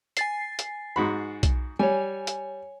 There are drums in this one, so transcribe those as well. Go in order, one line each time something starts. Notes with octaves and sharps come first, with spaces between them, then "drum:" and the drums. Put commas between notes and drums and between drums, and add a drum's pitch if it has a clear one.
G#5 A6 C7, drum: hi-hat
drum: hi-hat
G#2 F#4 B5
drum: kick B1, hi-hat
G3 C#5 G#5
drum: hi-hat